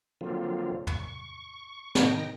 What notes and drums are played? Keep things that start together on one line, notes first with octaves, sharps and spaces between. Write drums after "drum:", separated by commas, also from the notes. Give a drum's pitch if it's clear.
D3 F3 F#3 A#3 C4 F4
C#6, drum: tom
D#3 D#4 G5 A#6, drum: snare